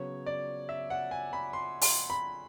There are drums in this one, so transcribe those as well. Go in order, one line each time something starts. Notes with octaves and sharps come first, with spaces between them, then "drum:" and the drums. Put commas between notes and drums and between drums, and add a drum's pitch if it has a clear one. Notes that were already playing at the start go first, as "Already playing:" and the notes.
Already playing: C#3 F#3 B3 C#5
D5
E5
F#5
G#5
B5
C6
C6, drum: open hi-hat
B5